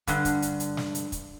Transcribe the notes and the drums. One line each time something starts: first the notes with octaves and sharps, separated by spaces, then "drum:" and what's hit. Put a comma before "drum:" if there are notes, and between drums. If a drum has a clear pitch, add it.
G2 D3, drum: kick, hi-hat
drum: kick, hi-hat
drum: hi-hat
drum: hi-hat
drum: snare
drum: hi-hat
drum: kick, hi-hat